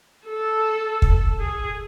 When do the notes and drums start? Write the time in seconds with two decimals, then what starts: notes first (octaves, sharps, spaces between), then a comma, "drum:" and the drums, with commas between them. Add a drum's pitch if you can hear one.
0.27 A4
1.02 drum: kick
1.40 G#4